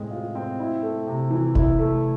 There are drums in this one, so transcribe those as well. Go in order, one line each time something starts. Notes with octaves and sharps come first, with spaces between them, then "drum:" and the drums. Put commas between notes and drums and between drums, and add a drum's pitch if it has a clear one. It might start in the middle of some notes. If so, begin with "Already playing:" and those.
Already playing: A2 G#3 C4
F4
C4
E4
A3
C3
E3
E4, drum: kick F1
A3